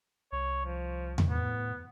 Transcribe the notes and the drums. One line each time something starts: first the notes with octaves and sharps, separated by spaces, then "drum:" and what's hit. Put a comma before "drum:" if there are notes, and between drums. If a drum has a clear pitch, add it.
C2 C#5
F3
drum: tom E2
A2 B3